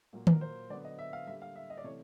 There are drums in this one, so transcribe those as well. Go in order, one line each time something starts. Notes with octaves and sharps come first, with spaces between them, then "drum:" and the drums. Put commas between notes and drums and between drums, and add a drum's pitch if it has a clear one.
A#2 F#3 A#3
A#4, drum: tom D#3
C5
D3 F#3 B3 D5
D#5
E5
F5
D3 G3 A#3 E5
F5
E5
D#5
D5
C3 E3 A3 C#5